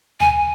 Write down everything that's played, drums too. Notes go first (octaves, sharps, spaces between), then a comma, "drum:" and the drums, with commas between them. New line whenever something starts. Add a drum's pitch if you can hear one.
G#5, drum: tom D2